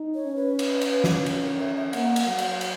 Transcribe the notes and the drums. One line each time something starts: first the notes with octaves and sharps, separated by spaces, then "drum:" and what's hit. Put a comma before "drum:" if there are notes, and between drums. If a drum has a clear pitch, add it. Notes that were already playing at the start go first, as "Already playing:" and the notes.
Already playing: D#4
C#5
C#4
B4
drum: cymbal
drum: cymbal
drum: snare
drum: cymbal
A#4
E5
E5
A#3 F#5, drum: cymbal
drum: cymbal
F#3
drum: cymbal
drum: cymbal